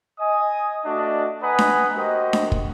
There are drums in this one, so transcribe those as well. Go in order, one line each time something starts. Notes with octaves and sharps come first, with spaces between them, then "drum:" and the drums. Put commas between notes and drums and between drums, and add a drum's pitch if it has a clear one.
D#5 G#5 D#6
A3 D4 F#4 D5 D#5
B4 D#5 F#5 G#5 A#5 D#6
drum: snare D4
F#4 G4 A#4 C5 D#5
drum: snare D4
drum: kick